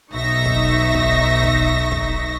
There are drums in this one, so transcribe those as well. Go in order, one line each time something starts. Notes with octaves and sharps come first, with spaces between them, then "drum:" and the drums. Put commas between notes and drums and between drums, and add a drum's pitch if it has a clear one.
B1 D#4 E5 C#6 A#6
drum: kick
drum: kick
drum: kick
drum: kick